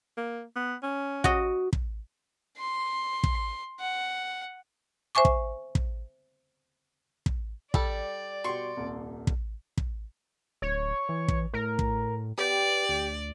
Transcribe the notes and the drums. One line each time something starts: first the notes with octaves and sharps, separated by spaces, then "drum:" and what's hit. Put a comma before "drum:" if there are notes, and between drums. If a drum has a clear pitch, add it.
A#3
B3
C#4
F#4 D#5, drum: kick
drum: kick
C6
drum: kick
F#5
C5 E5 G#5 C#6 D6
drum: kick
drum: kick
drum: kick
G3 A4 D5, drum: kick
B2 G4 C6 C#6
D#1 C2
drum: kick
drum: kick
D1 C#5
E3
drum: kick
A2 A#4
drum: kick
B3 G4 D5
D2